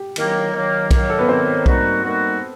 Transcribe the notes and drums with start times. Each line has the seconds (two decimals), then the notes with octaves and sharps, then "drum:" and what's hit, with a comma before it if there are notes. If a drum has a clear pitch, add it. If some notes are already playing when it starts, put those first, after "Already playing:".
Already playing: G4
0.16 D#3 F#3 A#3, drum: cymbal
0.53 D#3 F#3 A#3
0.91 D#3 F#3 A#3, drum: kick B1, cymbal
1.10 A4
1.19 B3 B4
1.28 D#3 F#3 A#3 C4 C5
1.66 D#3 G3 A#3 D#4 F#4, drum: kick B1
2.04 D#3 G3 A#3 D#4 F#4